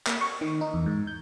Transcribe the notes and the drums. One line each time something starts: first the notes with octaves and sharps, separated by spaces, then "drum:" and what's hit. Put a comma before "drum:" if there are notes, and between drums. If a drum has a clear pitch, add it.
A#3, drum: clap
C#6
D#3
D#4
E2
G#2
G6